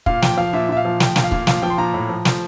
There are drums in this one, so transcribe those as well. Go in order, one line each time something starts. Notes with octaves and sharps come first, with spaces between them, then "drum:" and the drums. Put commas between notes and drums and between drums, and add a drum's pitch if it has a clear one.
A#2 F5, drum: kick
F3 G5, drum: snare
F3 F5
A#2 E5
A#2 E5
F5
F3
F3 G5, drum: snare
A#2, drum: snare
F5
A#2, drum: kick
F3 F5, drum: snare
F3 G5
C6
A#2 A#5
A2
F3
F3, drum: snare